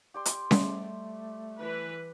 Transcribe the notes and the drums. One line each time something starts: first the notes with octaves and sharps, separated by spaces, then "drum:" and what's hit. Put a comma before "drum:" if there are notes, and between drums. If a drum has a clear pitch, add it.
G4 D5 C6
drum: hi-hat
G3 A3, drum: snare C#4
E3 B4